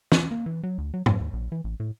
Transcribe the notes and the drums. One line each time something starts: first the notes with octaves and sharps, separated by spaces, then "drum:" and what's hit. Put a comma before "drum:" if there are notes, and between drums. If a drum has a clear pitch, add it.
E3, drum: snare
A#3
E3
F#3
D2
F#3
F#2, drum: tom G#2
D#2
A#1
E3
A1
A2